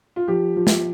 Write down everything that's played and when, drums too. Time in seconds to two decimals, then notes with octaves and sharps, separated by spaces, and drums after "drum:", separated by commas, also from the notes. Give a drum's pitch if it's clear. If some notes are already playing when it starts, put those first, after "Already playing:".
0.16 F4
0.28 F3 G4
0.56 F3
0.67 drum: snare